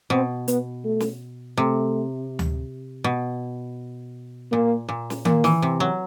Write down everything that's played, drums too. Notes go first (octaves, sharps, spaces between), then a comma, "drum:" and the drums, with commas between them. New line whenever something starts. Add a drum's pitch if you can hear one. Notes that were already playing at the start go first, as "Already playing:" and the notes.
B2 C4
B3, drum: hi-hat
A3
drum: snare
C3 A3
drum: tom D2
B2
A#2 A#3
A#2
drum: snare
A#2 A#3, drum: tom D#3
E3, drum: snare
C3
F#3